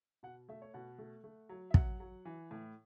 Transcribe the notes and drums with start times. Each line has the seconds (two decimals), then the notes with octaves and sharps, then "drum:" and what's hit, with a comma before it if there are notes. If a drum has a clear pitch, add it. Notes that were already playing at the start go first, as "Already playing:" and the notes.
0.23 B2 F#5
0.49 A3 E5
0.62 C#5
0.74 B2 F#5
0.99 A3
1.24 A3
1.49 F#3
1.71 E5
1.74 F#3 F#5, drum: kick
2.00 F#3
2.25 E3
2.51 A2